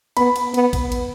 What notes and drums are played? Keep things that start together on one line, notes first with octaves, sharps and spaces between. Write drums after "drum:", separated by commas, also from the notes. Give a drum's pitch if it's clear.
B3 B5, drum: cymbal
drum: cymbal
B3, drum: cymbal
drum: kick A#1, cymbal
drum: cymbal